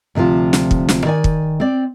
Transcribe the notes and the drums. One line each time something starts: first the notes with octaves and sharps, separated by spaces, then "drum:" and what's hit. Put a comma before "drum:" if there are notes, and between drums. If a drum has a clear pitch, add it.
D2 C3 D#3 F3 F4
drum: snare
drum: kick
drum: snare
D#3 D5 G#5
drum: kick
C4 D5